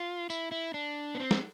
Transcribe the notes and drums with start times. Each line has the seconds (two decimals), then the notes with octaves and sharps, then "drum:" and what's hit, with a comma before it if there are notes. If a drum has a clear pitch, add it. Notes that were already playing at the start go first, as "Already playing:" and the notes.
Already playing: F4
0.30 E4, drum: tambourine
0.52 E4
0.74 D4
1.15 B3
1.20 C4
1.31 drum: snare